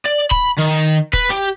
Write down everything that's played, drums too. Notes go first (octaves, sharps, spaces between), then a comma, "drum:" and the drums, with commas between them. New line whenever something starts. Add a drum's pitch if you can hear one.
D5
B5, drum: kick D#1
D#3
B4, drum: kick D#1
G4, drum: hi-hat